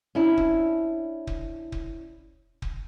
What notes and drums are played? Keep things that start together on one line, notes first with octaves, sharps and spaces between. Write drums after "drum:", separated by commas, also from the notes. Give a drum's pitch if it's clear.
C#4 D4 E4
drum: kick
drum: kick
drum: kick
drum: kick